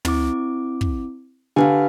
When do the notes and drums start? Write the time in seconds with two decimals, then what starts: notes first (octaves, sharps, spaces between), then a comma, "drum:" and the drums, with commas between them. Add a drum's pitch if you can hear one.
0.05 C4 E4 D6, drum: tom
0.81 drum: kick
1.56 D3 G4 B4 F5 G#5